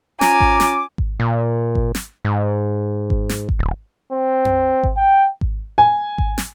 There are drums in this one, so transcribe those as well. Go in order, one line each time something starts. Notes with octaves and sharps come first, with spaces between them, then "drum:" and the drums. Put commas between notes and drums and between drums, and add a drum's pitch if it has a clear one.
C#4 F4 G#5 A#5 D6, drum: snare
drum: kick G#1
drum: snare
drum: kick G#1
A#2
drum: kick G#1
drum: snare
G#2
drum: kick G#1
drum: snare
drum: kick G#1
D1
C4
drum: tom F2
drum: kick G#1
G5
drum: kick G#1
G#5
drum: kick G#1
drum: snare